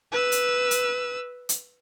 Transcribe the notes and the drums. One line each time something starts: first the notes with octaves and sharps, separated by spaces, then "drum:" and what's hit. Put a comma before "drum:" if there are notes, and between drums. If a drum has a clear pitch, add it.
B4 E6
drum: hi-hat
drum: hi-hat
drum: hi-hat